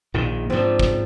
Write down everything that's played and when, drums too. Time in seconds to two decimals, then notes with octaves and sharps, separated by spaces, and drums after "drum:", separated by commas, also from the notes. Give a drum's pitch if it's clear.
0.14 A#1 A#2 D#3
0.50 G#2 F3 C4 D4
0.79 drum: kick